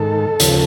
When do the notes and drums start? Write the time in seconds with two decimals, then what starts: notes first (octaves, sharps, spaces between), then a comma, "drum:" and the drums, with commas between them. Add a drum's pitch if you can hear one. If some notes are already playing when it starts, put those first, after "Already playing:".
Already playing: G#2 D#3 A4
0.40 D#2 C#3 F3, drum: hi-hat